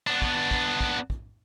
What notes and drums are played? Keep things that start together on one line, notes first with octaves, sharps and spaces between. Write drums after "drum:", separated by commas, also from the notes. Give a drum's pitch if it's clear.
B3 D4
drum: kick
drum: kick
drum: kick
drum: kick